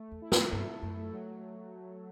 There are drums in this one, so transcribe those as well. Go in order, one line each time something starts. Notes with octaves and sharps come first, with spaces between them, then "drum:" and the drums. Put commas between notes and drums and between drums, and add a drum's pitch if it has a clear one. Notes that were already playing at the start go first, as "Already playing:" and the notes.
Already playing: A3
E2
E4
F#2, drum: snare
G2 A4
F#2 A3
F#3